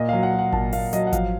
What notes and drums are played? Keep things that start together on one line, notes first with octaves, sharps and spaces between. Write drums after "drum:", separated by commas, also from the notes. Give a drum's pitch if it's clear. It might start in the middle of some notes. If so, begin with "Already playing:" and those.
Already playing: A#2 D#5
F#3 F5
F#5
F#3
F#5
A#2 A5, drum: kick G#1
A#2 F5, drum: open hi-hat
F#3 D#5, drum: hi-hat
F#5
F3 F5, drum: kick G#1, hi-hat